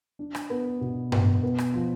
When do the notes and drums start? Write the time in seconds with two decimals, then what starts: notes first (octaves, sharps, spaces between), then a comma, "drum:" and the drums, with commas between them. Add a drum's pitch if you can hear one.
0.19 D4
0.35 drum: rim click
0.50 B3
0.81 B2
1.12 B2, drum: tom G2
1.43 B3
1.58 drum: rim click
1.74 F3